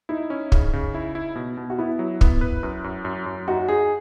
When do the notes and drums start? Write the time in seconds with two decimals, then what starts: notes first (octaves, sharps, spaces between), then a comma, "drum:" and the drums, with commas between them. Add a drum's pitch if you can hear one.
0.09 D#4 E4
0.30 C#4
0.52 C#3, drum: kick
0.73 C#3
0.95 E4
1.15 E4
1.36 B2
1.57 B2
1.70 F#4
1.78 B3 E4
1.99 F#3
2.21 B3, drum: kick
2.41 B4
2.63 F#2
2.84 F#2
3.05 F#2
3.26 F#2
3.47 D#4 F#4
3.68 D#4 G#4